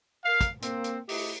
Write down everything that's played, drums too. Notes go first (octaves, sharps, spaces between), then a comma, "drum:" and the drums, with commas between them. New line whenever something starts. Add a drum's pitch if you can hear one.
A#4 F5
drum: kick, hi-hat
A#3 C4, drum: hi-hat
drum: hi-hat
A3 E4 G4 D#5, drum: open hi-hat